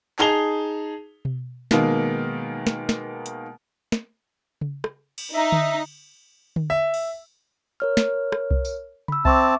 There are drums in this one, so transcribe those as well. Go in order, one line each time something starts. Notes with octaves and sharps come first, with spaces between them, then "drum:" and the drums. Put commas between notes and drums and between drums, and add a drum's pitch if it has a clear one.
D#4 G#4 A5 F7 G7, drum: clap
drum: tom B2
B2 D#3 G#3 A#3 B3, drum: snare
drum: snare
drum: snare
drum: hi-hat
drum: snare
drum: tom C#3
drum: rim click
drum: cymbal
D#4 E5
drum: tom D3
drum: tom D3
E5
drum: open hi-hat
A#4 C#5 F6
drum: snare
drum: rim click
drum: kick C2
drum: tambourine
B5 E6, drum: tom C#3
C4 E5 A5 C#6 D6, drum: kick C2